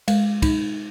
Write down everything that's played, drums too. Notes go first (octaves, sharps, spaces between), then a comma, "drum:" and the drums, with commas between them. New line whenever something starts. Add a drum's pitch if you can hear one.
G#3, drum: cymbal
D#4, drum: kick, cymbal